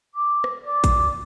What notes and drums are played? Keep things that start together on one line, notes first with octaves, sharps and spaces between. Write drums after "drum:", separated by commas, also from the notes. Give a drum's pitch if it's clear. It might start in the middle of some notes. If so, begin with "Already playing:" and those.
D6
drum: rim click
D5 D6
drum: kick A1, hi-hat